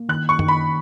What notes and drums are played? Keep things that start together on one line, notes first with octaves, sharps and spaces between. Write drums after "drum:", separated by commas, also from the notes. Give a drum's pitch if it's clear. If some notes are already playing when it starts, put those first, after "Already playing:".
Already playing: A#3
D#3 F#6
C#6
D#3, drum: tom F#2
B5